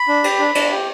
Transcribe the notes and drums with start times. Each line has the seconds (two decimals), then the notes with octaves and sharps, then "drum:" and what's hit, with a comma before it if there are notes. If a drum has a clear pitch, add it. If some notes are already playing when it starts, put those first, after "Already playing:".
Already playing: B5
0.08 D4
0.24 G4, drum: cymbal
0.39 D4
0.55 D4, drum: cymbal
0.71 G4